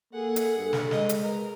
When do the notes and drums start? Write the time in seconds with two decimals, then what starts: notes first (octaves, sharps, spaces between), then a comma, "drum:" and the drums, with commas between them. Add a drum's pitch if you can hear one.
0.13 A#3 G#4 A4 F#5
0.36 drum: hi-hat
0.58 G2
0.73 drum: snare
0.91 G#3 D#5, drum: snare
1.09 drum: hi-hat
1.22 A#4 B4